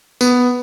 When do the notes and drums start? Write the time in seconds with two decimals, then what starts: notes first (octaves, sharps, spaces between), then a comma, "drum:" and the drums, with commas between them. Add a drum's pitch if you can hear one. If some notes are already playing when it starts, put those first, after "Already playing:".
0.21 B3, drum: tambourine